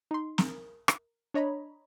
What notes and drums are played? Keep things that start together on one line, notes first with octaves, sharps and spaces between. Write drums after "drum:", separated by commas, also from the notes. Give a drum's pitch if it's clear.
D#4 C6
A#4, drum: snare
drum: rim click
D4 C#5 D#5 A#5 B5